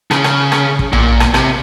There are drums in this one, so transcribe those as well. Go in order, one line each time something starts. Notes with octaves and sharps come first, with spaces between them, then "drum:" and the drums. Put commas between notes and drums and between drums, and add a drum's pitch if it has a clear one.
C#3, drum: rim click
drum: rim click
drum: rim click
drum: kick
A#2, drum: tom A#1
drum: rim click
C3, drum: rim click